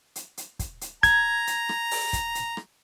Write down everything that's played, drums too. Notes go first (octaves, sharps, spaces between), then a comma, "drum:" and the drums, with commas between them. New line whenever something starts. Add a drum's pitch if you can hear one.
drum: hi-hat
drum: hi-hat
drum: kick, hi-hat
drum: hi-hat
A#5 G#6, drum: kick, hi-hat
drum: hi-hat
drum: rim click
drum: open hi-hat
drum: kick, hi-hat
drum: hi-hat
drum: rim click